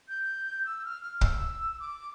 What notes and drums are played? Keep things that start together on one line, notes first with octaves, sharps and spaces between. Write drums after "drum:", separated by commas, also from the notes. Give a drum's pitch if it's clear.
G6
E6
F6
F6
E6, drum: kick
D6